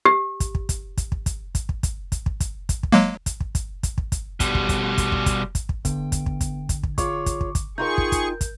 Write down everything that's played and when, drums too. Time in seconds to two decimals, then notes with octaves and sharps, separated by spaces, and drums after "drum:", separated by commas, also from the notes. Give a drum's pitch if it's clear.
0.05 G4
0.40 drum: kick, hi-hat
0.55 drum: kick
0.69 drum: kick, hi-hat
0.97 drum: kick, hi-hat
1.12 drum: kick
1.26 drum: kick, hi-hat
1.55 drum: kick, hi-hat
1.69 drum: kick
1.83 drum: kick, hi-hat
2.12 drum: kick, hi-hat
2.26 drum: kick
2.40 drum: kick, hi-hat
2.69 drum: kick, hi-hat
2.83 drum: kick
2.92 F#3 G#3 A#3
3.26 drum: kick, hi-hat
3.40 drum: kick
3.55 drum: kick, hi-hat
3.83 drum: kick, hi-hat
3.98 drum: kick
4.12 drum: kick, hi-hat
4.40 B2 G3, drum: kick, hi-hat
4.55 drum: kick
4.69 drum: kick, hi-hat
4.98 drum: kick, hi-hat
5.12 drum: kick
5.26 drum: kick, hi-hat
5.55 drum: kick, hi-hat
5.69 drum: kick
5.85 D3 B3 G5, drum: kick, hi-hat
6.12 drum: kick, hi-hat
6.26 drum: kick
6.41 drum: kick, hi-hat
6.69 drum: kick, hi-hat
6.83 drum: kick
6.98 F4 G#4 C#5 C#6 D6, drum: kick, hi-hat
7.26 drum: kick, hi-hat
7.41 drum: kick
7.55 drum: kick, hi-hat
7.78 D#4 F4 G#4 A#4 G5 C#6 G6
7.98 drum: kick
8.12 drum: kick, hi-hat
8.41 drum: kick, hi-hat